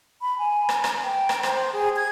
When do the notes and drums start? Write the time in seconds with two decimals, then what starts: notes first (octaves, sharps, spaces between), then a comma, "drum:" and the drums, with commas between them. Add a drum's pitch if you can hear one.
0.22 B5
0.38 G#5
0.69 drum: rim click
0.84 drum: rim click
1.03 G5
1.29 drum: rim click
1.43 C5, drum: rim click
1.73 G#4
1.96 G#6